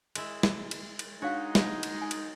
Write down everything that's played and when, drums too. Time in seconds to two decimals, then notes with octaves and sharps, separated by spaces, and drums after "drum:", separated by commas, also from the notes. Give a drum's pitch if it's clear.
0.15 G#3 E4, drum: cymbal
0.43 drum: snare
0.71 drum: cymbal
0.99 drum: cymbal
1.22 G#3 D4 D#4 F#4 C#5 F5
1.55 drum: snare
1.83 drum: cymbal
2.02 G#5
2.11 drum: cymbal